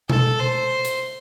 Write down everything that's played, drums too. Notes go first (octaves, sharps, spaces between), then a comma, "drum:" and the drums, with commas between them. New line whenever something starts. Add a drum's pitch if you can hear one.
A4, drum: tom B2
C5
drum: hi-hat